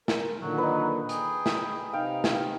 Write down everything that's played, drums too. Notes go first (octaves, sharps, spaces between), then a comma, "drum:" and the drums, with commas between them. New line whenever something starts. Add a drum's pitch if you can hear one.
A#4, drum: snare
A#2 D3 D#3 F#3
D#4 B4
G#4 G5, drum: hi-hat
drum: snare
C3 D#4 F5 G5
drum: snare